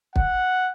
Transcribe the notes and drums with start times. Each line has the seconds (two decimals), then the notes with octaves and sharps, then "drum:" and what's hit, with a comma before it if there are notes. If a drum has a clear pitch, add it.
0.16 F#5, drum: kick